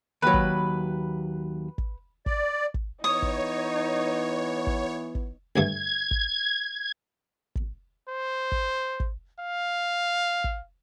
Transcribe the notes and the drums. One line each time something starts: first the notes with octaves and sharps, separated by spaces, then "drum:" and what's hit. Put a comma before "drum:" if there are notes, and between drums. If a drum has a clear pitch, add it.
D#2 F#3 B4
drum: kick
drum: kick
D5, drum: kick
drum: kick
E3 B3 D#4 C#5 D#6
drum: kick
drum: kick
drum: kick
D2 G2 A3 G#6
drum: kick
drum: kick
C5
drum: kick
drum: kick
F5
drum: kick